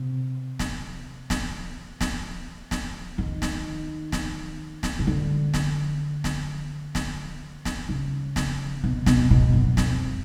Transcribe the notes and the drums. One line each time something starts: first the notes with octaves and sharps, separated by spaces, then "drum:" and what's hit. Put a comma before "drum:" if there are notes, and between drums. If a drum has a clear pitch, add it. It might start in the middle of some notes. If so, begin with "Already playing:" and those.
Already playing: C3
drum: snare
drum: snare
drum: snare
drum: snare
D#3
drum: snare
drum: snare
drum: snare
C#3
D3
drum: snare
drum: snare
drum: snare
drum: snare
C#3
drum: snare
B2
B2, drum: snare
B2
F#2
F2, drum: snare